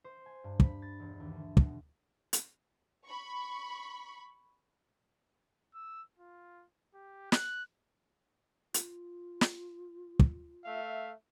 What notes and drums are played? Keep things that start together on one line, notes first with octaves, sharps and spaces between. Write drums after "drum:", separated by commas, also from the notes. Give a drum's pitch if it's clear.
C5
G#5
G2
B5, drum: kick
A6
E1
D#2
D2
B2, drum: kick
drum: hi-hat
B5 C#6
E6
F4
G4
F#6, drum: snare
F4, drum: hi-hat
drum: snare
drum: kick
A3 E5 F5